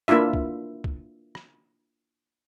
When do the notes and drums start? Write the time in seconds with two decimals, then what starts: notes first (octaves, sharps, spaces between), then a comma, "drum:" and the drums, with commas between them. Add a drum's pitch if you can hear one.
0.08 A#3 D4 E4 F4 E5
0.33 drum: kick
0.84 drum: kick
1.35 drum: rim click